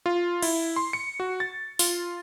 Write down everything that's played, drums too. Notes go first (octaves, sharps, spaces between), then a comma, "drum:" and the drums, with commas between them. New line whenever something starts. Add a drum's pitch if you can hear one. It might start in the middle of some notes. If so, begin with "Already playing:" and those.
F4
E4, drum: cymbal
C6
C#7
F#4
A6
F4, drum: open hi-hat